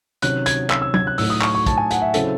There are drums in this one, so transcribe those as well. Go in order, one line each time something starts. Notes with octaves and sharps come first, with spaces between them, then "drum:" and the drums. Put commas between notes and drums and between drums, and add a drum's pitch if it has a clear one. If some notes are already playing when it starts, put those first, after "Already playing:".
C3 D#3 F#3 C#4 F#6, drum: hi-hat
G#6, drum: hi-hat
E6, drum: clap
E6
G#6, drum: tom F#3
F#6
A2 F#3 A3 D#4 E6, drum: open hi-hat
D#6
C#6, drum: clap
C#6
A5, drum: kick, hi-hat
G#5
F#5, drum: hi-hat
E5
C#3 F#3 C4 E4 A4, drum: hi-hat